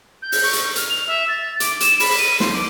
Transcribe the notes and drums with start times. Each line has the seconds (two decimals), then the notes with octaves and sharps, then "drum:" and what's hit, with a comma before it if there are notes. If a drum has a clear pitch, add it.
0.22 G6
0.32 drum: open hi-hat
0.44 C#6
0.53 drum: hi-hat
0.76 F6, drum: hi-hat
0.89 F7
1.07 E5
1.28 A6
1.60 D6, drum: hi-hat
1.80 E7, drum: hi-hat
2.00 B5, drum: open hi-hat
2.18 D#7
2.40 C6, drum: snare
2.53 D6